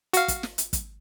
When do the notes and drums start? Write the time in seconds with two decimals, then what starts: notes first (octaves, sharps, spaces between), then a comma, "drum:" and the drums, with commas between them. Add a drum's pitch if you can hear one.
0.14 F#4 F5, drum: hi-hat
0.28 drum: kick, hi-hat
0.43 drum: snare
0.58 drum: hi-hat
0.73 drum: kick, hi-hat